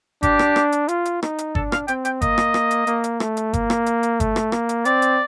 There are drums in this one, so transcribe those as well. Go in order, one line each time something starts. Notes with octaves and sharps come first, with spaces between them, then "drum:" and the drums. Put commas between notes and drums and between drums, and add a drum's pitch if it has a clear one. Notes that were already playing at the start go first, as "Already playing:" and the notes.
D4 G4, drum: kick G1, hi-hat
drum: rim click
drum: rim click
drum: hi-hat
F4, drum: hi-hat
drum: hi-hat
D#4, drum: rim click
drum: hi-hat
D4 A4, drum: kick G1
F5, drum: rim click
C4 G5, drum: hi-hat
G5, drum: hi-hat
A#3 D#5, drum: kick G1, hi-hat
drum: rim click
drum: rim click
drum: hi-hat
A#3, drum: hi-hat
drum: hi-hat
A3, drum: rim click
drum: hi-hat
A#3, drum: kick G1, hi-hat
drum: rim click
drum: hi-hat
drum: hi-hat
A3, drum: kick G1, hi-hat
drum: rim click
A#3, drum: rim click
drum: hi-hat
C4 D5, drum: hi-hat
drum: hi-hat